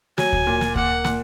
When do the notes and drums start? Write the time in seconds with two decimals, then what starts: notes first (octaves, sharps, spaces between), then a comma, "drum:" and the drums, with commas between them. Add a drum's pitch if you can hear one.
0.18 F#3 G#5, drum: snare
0.33 drum: kick D2
0.47 A#2
0.61 drum: snare
0.76 A#3 F#5, drum: kick D2
1.04 A#2, drum: snare